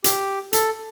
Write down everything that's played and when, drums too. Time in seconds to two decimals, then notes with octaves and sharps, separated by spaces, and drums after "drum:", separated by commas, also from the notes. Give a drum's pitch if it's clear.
0.04 G4, drum: hi-hat
0.53 A4, drum: hi-hat